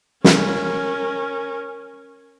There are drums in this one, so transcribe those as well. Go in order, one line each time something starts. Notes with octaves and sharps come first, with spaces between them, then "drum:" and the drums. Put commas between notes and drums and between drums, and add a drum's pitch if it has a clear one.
C#4 A#4, drum: snare